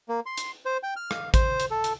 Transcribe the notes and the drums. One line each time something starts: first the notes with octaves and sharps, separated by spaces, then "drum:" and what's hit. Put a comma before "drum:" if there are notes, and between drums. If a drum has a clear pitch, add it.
A#3
C6
drum: hi-hat
C5
G5
F6
F5, drum: rim click
C5, drum: kick A1, hi-hat
drum: hi-hat
A4
drum: hi-hat